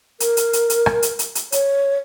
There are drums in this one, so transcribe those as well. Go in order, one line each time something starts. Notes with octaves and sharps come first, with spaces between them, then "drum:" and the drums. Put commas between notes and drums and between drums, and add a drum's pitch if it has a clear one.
A#4, drum: hi-hat
drum: hi-hat
drum: hi-hat
drum: hi-hat
drum: rim click
drum: hi-hat
drum: hi-hat
drum: hi-hat
C#5, drum: hi-hat